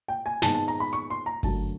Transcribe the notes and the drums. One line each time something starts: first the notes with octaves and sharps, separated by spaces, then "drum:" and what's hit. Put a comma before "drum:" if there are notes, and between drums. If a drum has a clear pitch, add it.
G5
G#5
G#2 D#3 G#3 B3 A5, drum: snare
A5
A#5, drum: open hi-hat
B5
C#6, drum: hi-hat
C6
A#5
F#2 D3 F#3 A3 A5, drum: kick G1, open hi-hat